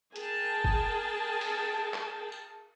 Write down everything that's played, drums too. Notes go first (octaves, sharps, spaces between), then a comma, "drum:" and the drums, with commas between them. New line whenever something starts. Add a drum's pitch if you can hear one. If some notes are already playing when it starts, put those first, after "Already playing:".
G#4 A#4 G5 A5, drum: hi-hat
drum: kick F#1
drum: cymbal
drum: clap
drum: tambourine